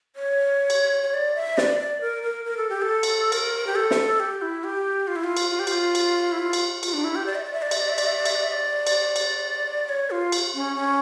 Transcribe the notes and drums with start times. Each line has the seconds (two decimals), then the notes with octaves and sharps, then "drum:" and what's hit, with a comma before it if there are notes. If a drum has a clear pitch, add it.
0.16 C#5
0.70 drum: cymbal
1.03 C#5
1.14 D5
1.35 E5
1.58 D5, drum: snare
1.80 D5
2.01 A#4
2.23 A#4
2.45 A#4
2.57 A4
2.69 G4
2.82 A4
3.03 drum: cymbal
3.32 A#4, drum: cymbal
3.67 G4
3.76 A4
3.91 drum: snare
4.20 G4
4.42 E4
4.64 G4
5.07 F4
5.16 E4
5.24 F4
5.37 drum: cymbal
5.51 F4
5.59 G4
5.67 F4, drum: cymbal
5.95 drum: cymbal
6.32 E4
6.39 F4
6.53 drum: cymbal
6.83 F4, drum: cymbal
6.93 D4
7.04 E4
7.15 G4
7.26 D5
7.35 E5
7.44 D5
7.53 E5
7.62 D5
7.71 E5, drum: cymbal
7.80 D5
7.89 E5
7.98 D5, drum: cymbal
8.07 E5
8.17 D5
8.25 E5, drum: cymbal
8.35 D5
8.43 E5
8.52 D5
8.87 drum: cymbal
9.01 D5
9.16 drum: cymbal
9.89 C#5
10.11 F4
10.32 drum: cymbal
10.54 C#4
10.76 C#4